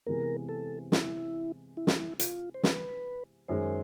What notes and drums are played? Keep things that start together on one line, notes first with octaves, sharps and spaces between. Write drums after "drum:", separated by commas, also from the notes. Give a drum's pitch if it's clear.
C3 E3 G#3 B3 A#4
A4
E4, drum: snare
E4
F4, drum: snare
E4
F4, drum: hi-hat
C5
B4, drum: snare
F#2 D#3 G#3 C5